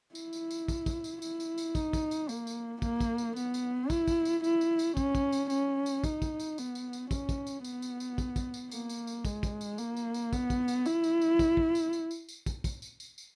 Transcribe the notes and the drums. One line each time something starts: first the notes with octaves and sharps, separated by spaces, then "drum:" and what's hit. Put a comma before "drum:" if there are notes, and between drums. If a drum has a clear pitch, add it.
E4, drum: tambourine
drum: tambourine
drum: tambourine
drum: kick, tambourine
drum: kick, tambourine
drum: tambourine
E4, drum: tambourine
drum: tambourine
drum: tambourine
D#4, drum: kick, tambourine
drum: kick, tambourine
drum: tambourine
A#3, drum: tambourine
drum: tambourine
A#3, drum: kick, tambourine
drum: kick, tambourine
drum: tambourine
B3, drum: tambourine
drum: tambourine
E4, drum: kick, tambourine
drum: kick, tambourine
drum: tambourine
E4, drum: tambourine
drum: tambourine
drum: tambourine
C#4, drum: kick, tambourine
drum: kick, tambourine
drum: tambourine
C#4, drum: tambourine
drum: tambourine
D#4, drum: kick, tambourine
drum: kick, tambourine
drum: tambourine
B3, drum: tambourine
drum: tambourine
drum: tambourine
C#4, drum: kick, tambourine
drum: kick, tambourine
drum: tambourine
B3, drum: tambourine
drum: tambourine
drum: tambourine
drum: kick, tambourine
drum: kick, tambourine
drum: tambourine
A#3, drum: tambourine
drum: tambourine
drum: tambourine
G#3, drum: kick, tambourine
drum: kick, tambourine
drum: tambourine
A#3, drum: tambourine
drum: tambourine
drum: tambourine
B3, drum: kick, tambourine
drum: kick, tambourine
drum: tambourine
E4, drum: tambourine
drum: tambourine
drum: tambourine
drum: kick, tambourine
drum: kick
drum: tambourine
drum: tambourine
drum: tambourine
drum: tambourine
drum: kick, tambourine
drum: kick, tambourine
drum: tambourine
drum: tambourine
drum: tambourine